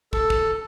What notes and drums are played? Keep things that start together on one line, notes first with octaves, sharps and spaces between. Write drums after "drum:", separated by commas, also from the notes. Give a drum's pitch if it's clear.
A4, drum: kick
drum: kick